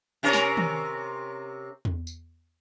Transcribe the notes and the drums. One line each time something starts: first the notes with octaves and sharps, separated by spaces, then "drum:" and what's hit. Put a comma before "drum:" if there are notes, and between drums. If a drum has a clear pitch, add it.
C3 C#4 A#4
drum: snare
drum: tom D#3
drum: tom E2
drum: tambourine